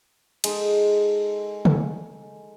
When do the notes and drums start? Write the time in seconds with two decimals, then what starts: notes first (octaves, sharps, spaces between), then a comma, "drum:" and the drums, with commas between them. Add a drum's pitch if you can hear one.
0.44 G#3 D#4 A4, drum: cymbal
1.65 drum: tom C#3